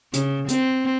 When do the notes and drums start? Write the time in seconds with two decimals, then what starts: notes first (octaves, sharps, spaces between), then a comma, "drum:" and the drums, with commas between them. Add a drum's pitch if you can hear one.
0.13 C#3, drum: hi-hat
0.48 C4, drum: hi-hat